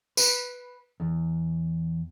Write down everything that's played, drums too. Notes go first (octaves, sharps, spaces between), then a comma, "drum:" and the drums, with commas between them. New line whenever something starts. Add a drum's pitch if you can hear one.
B4, drum: tambourine
E2